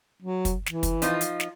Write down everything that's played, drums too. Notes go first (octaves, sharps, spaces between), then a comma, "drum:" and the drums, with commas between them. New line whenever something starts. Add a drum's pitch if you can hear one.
F#3
drum: kick, hi-hat
E3, drum: snare
drum: kick, hi-hat
F3 D#4 F4, drum: hi-hat
drum: hi-hat
drum: snare